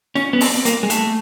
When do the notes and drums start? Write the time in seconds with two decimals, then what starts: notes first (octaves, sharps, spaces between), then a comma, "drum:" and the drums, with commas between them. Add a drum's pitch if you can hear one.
0.15 C#4, drum: snare
0.33 B3
0.41 C4, drum: open hi-hat
0.65 A#3, drum: hi-hat
0.83 G#3
0.90 A3, drum: hi-hat